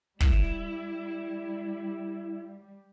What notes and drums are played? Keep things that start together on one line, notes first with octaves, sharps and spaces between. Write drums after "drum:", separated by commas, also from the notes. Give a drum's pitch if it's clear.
G3 E4, drum: kick